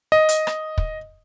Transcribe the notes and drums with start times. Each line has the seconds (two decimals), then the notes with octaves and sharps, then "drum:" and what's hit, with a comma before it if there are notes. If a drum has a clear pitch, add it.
0.12 D#5
0.29 drum: hi-hat
0.47 drum: rim click
0.78 drum: kick